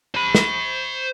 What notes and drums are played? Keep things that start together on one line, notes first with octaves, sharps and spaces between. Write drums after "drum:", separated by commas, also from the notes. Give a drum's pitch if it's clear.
C5 B5
drum: snare